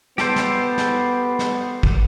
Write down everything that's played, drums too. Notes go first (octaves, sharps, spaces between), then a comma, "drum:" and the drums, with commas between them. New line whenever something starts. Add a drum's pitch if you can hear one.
B3 G4 A4 C5, drum: snare
drum: snare
drum: snare
drum: snare
drum: kick